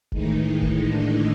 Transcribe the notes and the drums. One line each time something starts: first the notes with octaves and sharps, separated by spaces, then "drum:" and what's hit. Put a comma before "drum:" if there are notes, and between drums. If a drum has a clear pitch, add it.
A2 D#3 E3 G#3 D#4, drum: kick F1
drum: kick F1
D3 D4